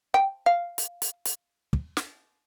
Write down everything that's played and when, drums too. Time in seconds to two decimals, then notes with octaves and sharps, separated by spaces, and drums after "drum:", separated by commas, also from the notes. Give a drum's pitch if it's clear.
0.14 G5
0.46 F5
0.78 drum: hi-hat
1.02 drum: hi-hat
1.25 drum: hi-hat
1.73 drum: kick
1.97 drum: snare